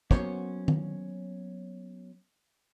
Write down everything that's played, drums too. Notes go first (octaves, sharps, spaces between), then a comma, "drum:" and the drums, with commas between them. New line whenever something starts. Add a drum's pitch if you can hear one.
F#3 A#3 B3 C#4 C5 C#5, drum: kick
drum: tom